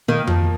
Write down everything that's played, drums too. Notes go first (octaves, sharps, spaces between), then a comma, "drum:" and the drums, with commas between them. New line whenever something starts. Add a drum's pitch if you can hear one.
D#3 A#3
F3, drum: tom F2